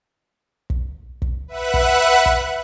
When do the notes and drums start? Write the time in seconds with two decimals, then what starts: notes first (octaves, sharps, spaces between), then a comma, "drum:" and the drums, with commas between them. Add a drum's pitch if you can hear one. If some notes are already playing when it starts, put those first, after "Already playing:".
0.70 drum: kick
1.22 drum: kick
1.48 B4 E5 F#5 F#6
1.74 drum: kick
2.26 drum: kick